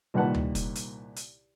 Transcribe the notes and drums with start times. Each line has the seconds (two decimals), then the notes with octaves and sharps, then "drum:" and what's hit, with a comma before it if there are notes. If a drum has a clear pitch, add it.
0.14 C2 A#2 D#3 B4 F#5 A5
0.34 drum: tom D2
0.55 drum: kick, hi-hat
0.75 drum: hi-hat
1.16 drum: hi-hat